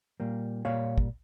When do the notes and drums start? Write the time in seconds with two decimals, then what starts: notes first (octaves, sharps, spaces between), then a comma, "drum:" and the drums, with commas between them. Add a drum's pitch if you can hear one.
0.20 A#2 G3 A#3
0.65 A#2 G3 A#3 C#5 F5
0.98 drum: kick